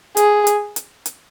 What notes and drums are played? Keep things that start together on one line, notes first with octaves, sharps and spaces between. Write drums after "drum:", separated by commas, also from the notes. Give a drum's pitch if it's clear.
G#4, drum: hi-hat
drum: hi-hat
drum: hi-hat
drum: hi-hat